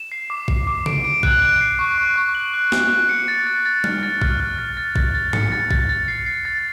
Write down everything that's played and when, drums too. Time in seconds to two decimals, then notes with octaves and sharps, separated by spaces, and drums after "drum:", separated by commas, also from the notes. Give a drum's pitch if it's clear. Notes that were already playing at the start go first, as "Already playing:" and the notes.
Already playing: E7
0.12 C7
0.30 D6
0.48 C7, drum: kick
0.67 D6
0.86 D7, drum: tom C#3
1.05 D7
1.23 F#6, drum: kick
1.42 F#6
1.61 C7
1.79 C#6
1.98 C#6
2.16 C#6
2.35 F#7
2.54 F#6
2.72 F#6, drum: snare
2.91 F#6
3.09 C#7
3.28 A6
3.47 A6
3.65 A6
3.84 F6, drum: tom
4.03 A6
4.22 F6, drum: kick
4.40 F6
4.59 A6
4.77 A6
4.96 A6, drum: kick
5.15 A6
5.33 C#7, drum: tom G#2
5.52 A6
5.71 A6, drum: kick
5.89 A6
6.08 C7
6.26 C7
6.45 A6